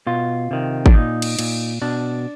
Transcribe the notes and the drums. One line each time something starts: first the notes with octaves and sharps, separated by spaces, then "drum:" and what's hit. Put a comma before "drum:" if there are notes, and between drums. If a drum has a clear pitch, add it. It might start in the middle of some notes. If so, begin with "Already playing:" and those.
B2 F4
C3 D#3
D4, drum: kick G#1
A#2 D#4
drum: cymbal
A#2, drum: cymbal
B2 D4